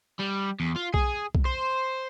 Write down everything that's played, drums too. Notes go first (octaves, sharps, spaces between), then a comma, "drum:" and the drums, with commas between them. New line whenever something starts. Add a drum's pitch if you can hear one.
G3
E2
F4
G#4, drum: kick B1
drum: kick B1
C5